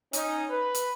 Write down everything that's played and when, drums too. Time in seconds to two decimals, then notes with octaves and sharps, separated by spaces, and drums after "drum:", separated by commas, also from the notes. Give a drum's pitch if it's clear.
0.13 C#4 D#4, drum: hi-hat
0.51 B4
0.75 drum: hi-hat